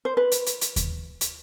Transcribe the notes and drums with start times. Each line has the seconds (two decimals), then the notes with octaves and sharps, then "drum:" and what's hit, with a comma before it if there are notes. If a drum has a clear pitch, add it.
0.05 C5
0.17 B4
0.32 drum: hi-hat
0.46 drum: hi-hat
0.61 drum: hi-hat
0.76 drum: kick D#2, hi-hat
1.21 drum: hi-hat